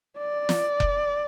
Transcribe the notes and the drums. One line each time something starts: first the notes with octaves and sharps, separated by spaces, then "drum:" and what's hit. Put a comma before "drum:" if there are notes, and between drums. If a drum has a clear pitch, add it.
D5
drum: snare
drum: kick F1